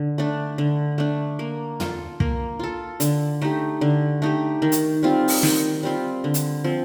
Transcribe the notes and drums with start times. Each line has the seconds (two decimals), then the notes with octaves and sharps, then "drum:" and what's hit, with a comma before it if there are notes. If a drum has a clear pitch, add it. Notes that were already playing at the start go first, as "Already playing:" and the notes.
Already playing: D3
0.18 A3 D4
0.58 D3
0.98 A3 D4
1.39 A#3
1.80 F4 A4, drum: tom
2.20 A#3, drum: kick
2.59 F4 A4
3.00 D3, drum: hi-hat
3.42 A3 D#4 G4
3.81 D3
4.22 A3 D#4 G4
4.62 D#3
4.72 drum: hi-hat
5.03 G3 C4 F4
5.28 drum: open hi-hat
5.43 D#3, drum: snare
5.83 G3 C4 F4
6.24 D3
6.34 drum: hi-hat
6.64 F3 C4